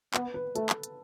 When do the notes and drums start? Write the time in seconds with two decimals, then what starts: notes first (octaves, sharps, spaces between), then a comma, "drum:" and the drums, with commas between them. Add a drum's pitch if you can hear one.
0.14 B3 B4, drum: clap
0.34 B4
0.55 A3 A4, drum: hi-hat
0.69 drum: clap
0.83 drum: hi-hat